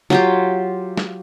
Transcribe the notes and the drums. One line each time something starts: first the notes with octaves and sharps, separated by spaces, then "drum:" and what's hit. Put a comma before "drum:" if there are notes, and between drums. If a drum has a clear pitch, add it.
F#3 F4 G4, drum: snare
drum: snare